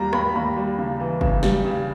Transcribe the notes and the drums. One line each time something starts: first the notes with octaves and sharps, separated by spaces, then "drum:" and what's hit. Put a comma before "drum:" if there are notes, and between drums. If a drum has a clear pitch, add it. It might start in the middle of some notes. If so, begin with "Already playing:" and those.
Already playing: D#2 G3 A#5
D#2 B5, drum: rim click
D#2 B5
G3
C#3
E3
C#3, drum: kick
G3, drum: snare
C#3